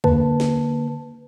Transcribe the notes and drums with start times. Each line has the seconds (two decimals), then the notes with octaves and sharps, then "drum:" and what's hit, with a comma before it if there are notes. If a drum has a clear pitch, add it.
0.04 D3 A#3 B4 A5, drum: kick D2
0.40 drum: snare